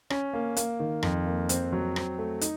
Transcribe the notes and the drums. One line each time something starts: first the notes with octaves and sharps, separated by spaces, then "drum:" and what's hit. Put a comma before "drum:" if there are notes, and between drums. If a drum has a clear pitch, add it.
C#4, drum: rim click
A#3
A#3, drum: hi-hat
D#3
F2, drum: rim click
A#3
C4, drum: hi-hat
F#3
C4, drum: rim click
A3
D#4, drum: hi-hat